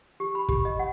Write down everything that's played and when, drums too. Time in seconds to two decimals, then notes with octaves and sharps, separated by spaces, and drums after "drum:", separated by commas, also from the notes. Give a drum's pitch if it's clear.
0.20 G4
0.35 B5
0.48 G4, drum: kick
0.65 D#5
0.79 F#5